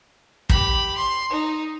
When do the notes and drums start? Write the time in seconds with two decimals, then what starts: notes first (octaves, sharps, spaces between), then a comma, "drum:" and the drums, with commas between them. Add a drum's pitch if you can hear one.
0.49 G4 B5, drum: kick
0.96 C6
1.30 D#4